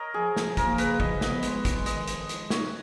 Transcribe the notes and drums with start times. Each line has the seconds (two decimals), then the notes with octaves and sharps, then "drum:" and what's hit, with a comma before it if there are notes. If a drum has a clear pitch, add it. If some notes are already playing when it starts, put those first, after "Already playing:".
Already playing: A#4 C#5 D#5
0.14 F3 G#4
0.37 F3, drum: snare
0.57 A#3 A#4, drum: kick, hi-hat
0.78 C#3 B4, drum: hi-hat
1.00 F3 D#5, drum: kick
1.21 B3 D#5, drum: snare
1.43 G#3, drum: hi-hat
1.65 G#3, drum: kick, hi-hat
1.86 D#3 D#5, drum: hi-hat
2.08 F3, drum: hi-hat
2.29 G#3, drum: hi-hat
2.50 D#4 C#5, drum: snare